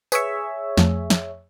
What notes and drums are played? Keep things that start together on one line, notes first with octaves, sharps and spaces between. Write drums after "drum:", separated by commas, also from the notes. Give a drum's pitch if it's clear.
G#4 B4 C#5 E5 C#7, drum: tambourine
F2 F3 A3, drum: snare
drum: snare